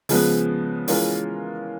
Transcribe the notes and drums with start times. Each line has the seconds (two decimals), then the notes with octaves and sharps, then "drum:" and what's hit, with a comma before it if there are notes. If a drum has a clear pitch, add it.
0.09 C#3 F3 G#3 B3, drum: open hi-hat
0.88 E3 G#3 C#4 F4 A#4, drum: open hi-hat